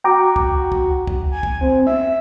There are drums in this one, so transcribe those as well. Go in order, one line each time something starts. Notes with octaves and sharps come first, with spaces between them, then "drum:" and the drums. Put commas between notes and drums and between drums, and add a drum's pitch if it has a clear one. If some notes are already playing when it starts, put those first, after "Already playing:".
F#4 G5 A#5 D6
drum: kick
drum: kick
drum: kick
G#5
drum: kick
C4
E5